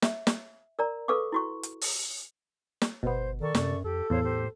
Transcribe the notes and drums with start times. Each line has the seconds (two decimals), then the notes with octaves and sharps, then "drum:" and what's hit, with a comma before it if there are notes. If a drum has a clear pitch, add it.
0.02 E5, drum: snare
0.27 drum: snare
0.79 A#4 D5 A#5
1.08 A4 B4 F5 C#6 D6
1.32 E4 F#4 C#6
1.63 drum: hi-hat
1.81 drum: open hi-hat
2.82 drum: snare
3.03 G1 B2 B3 C5
3.41 D#3 A4 D5 C#6
3.55 F#2 C3, drum: snare
3.84 F2 G4 A4
4.10 E2 A2 C5 C#5 F5
4.25 G4 C5